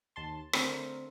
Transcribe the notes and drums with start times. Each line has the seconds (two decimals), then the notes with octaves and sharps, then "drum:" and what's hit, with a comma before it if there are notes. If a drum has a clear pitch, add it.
0.16 D#2 A5 C6
0.53 D3 A3 C4 A#4, drum: rim click